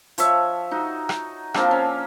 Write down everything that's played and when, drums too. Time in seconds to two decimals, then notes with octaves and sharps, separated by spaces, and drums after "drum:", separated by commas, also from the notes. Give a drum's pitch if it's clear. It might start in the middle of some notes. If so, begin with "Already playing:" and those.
0.18 F3 C#5 E5, drum: hi-hat
0.71 D#4 F#4
1.09 drum: rim click
1.54 F3 A#3 C4 D4, drum: rim click
1.71 C#4